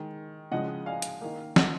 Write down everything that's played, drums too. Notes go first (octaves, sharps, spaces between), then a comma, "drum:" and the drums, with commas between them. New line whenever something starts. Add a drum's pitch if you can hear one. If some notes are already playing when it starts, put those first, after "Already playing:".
Already playing: D#3 G#3
C#3 F3 G#3 D#5 F#5
F5 G#5
drum: hi-hat
D#3 A#3
D#5 F#5, drum: snare